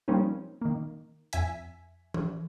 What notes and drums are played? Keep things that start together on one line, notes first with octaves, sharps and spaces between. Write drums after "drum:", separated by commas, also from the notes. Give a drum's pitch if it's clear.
F3 G3 A#3 C4 C#4 D#4
D#3 A#3
F2 E5 G#5 B6, drum: hi-hat
drum: tom E3